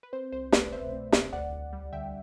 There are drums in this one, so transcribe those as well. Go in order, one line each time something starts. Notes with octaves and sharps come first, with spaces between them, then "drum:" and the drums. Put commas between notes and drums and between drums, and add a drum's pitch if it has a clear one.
B4
C4 C5
C2 C5
A3 B4 D5, drum: snare
B2 C5 E5
C4
C2, drum: snare
D2 D5 F#5
D2
G3
D3 E5 G5